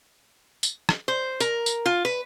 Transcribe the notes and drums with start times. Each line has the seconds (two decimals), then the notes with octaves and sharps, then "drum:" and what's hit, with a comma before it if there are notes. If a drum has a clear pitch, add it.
0.63 drum: tambourine
0.89 drum: rim click
1.08 C5
1.40 A#4, drum: tambourine
1.66 drum: tambourine
1.86 F4
2.05 B4